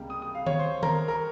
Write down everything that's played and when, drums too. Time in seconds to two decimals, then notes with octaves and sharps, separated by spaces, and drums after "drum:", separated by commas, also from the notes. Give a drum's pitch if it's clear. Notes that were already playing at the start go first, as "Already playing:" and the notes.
Already playing: C#2 C3 G3 A#3
0.10 D#6
0.22 D#6
0.35 F5
0.46 C#5, drum: tom D#3
0.59 C5
0.83 A#4, drum: tom D#3
1.08 A#4